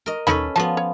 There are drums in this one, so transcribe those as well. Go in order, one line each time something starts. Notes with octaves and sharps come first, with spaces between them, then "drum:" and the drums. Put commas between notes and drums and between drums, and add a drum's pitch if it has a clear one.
A#4 D#5
C#4 D#4 A4 B4 B5, drum: tom D#2
F3 B3 F#4 A5
C#5